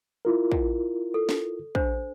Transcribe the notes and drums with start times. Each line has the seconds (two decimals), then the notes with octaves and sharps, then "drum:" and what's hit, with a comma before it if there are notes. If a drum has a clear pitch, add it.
0.25 E4 F4 A#4
0.52 drum: kick
1.14 A4
1.29 drum: snare
1.75 D4 C5, drum: kick